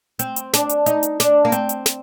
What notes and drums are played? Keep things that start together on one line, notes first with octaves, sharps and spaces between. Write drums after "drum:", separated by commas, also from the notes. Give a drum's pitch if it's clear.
C4, drum: hi-hat
drum: hi-hat
D4, drum: snare
drum: hi-hat
D#4, drum: hi-hat
drum: hi-hat
D4, drum: snare
A#3
C4, drum: hi-hat
drum: hi-hat
drum: snare